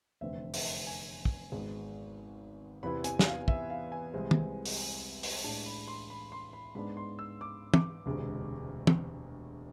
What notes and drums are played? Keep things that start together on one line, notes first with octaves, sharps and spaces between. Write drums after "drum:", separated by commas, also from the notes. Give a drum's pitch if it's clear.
F1 E2 D3 A3 C4 E5
E5, drum: open hi-hat
G#5
drum: kick
G#1 G#2 G#3 B3
E2 C3 E3 B3 E4 B5
G#5, drum: hi-hat
G#5, drum: snare
F5
E5, drum: kick
F5
G#5
C2 C3 E3 G#3 C4
drum: tom
drum: open hi-hat
drum: open hi-hat
A2 G#3 D4 A5
B5
C6
B5
C6
B5
G#2 G#3 B3 D4 B5
C6
E6
D6
D6, drum: tom
E1 D2 C3 G#3
drum: tom